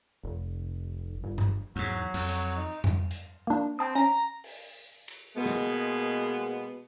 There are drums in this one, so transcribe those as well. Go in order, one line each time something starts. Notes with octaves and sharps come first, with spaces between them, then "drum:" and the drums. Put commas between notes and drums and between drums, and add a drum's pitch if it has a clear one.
F1
G1
drum: tom G2
E2 G#2 F#3
F2, drum: cymbal
drum: hi-hat
D#4
drum: tom F2
drum: hi-hat
A#3 D4
C4 G5 A5 D#6
C#4 A#5 A#6
drum: open hi-hat
drum: cymbal
B2 G#3 A#3 B3
drum: snare